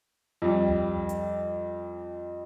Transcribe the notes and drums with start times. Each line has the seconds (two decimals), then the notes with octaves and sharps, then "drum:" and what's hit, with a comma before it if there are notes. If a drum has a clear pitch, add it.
0.42 F2 G3
0.68 drum: tom C#2
1.09 drum: hi-hat